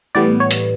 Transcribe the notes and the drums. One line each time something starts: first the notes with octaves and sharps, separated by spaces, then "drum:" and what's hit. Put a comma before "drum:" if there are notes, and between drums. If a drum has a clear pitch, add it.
A2 E3 G3 B3 D5
C#5
drum: hi-hat